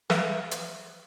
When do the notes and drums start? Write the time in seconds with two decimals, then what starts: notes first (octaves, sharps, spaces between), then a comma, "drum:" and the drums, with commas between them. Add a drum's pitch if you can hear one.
0.10 B4 E5 F5, drum: snare
0.51 drum: hi-hat